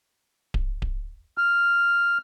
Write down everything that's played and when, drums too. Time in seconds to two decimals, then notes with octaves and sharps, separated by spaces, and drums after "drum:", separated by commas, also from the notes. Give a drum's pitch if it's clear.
0.54 drum: kick D1
0.82 drum: kick D1
1.38 F6